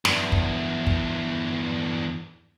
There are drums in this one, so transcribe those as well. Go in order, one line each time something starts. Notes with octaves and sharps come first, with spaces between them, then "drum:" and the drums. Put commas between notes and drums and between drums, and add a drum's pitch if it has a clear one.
E2 G2, drum: snare
drum: kick
drum: kick